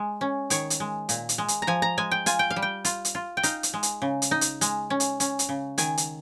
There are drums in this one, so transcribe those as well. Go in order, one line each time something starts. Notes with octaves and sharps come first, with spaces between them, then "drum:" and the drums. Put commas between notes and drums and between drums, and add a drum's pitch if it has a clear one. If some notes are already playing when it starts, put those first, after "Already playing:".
Already playing: G#3
C#4
D#3 C#5, drum: hi-hat
drum: hi-hat
G#3
A#2, drum: hi-hat
drum: hi-hat
G#3
drum: hi-hat
A#5
F3 G#5
A#5
G#3 G#5
G5
F4 G#5, drum: hi-hat
G5
F5
G3
G5
F4, drum: hi-hat
drum: hi-hat
F4
G5
D#4 F5, drum: hi-hat
drum: hi-hat
G#3
drum: hi-hat
C#3
drum: hi-hat
D#4
drum: hi-hat
G#3, drum: hi-hat
C#4
drum: hi-hat
C#4, drum: hi-hat
drum: hi-hat
C#3
D#3 G#5, drum: hi-hat
drum: hi-hat